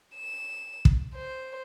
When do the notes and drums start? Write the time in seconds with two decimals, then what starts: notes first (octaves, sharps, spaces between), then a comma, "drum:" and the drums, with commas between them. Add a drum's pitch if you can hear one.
0.15 E7
0.85 drum: kick
1.14 C5